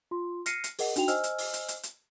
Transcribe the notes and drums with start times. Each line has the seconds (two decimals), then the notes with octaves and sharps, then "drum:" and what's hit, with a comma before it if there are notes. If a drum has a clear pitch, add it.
0.11 F4 C6
0.46 F6 A#6 C7 C#7 D#7, drum: hi-hat
0.64 drum: hi-hat
0.79 G#4 A#4 D#5 F#5, drum: open hi-hat
0.96 D4 D#4 F#4 G5 F7, drum: hi-hat
1.08 C5 D#5 G#5 E6 F6, drum: hi-hat
1.24 drum: hi-hat
1.38 drum: open hi-hat
1.53 drum: hi-hat
1.68 drum: hi-hat
1.83 drum: hi-hat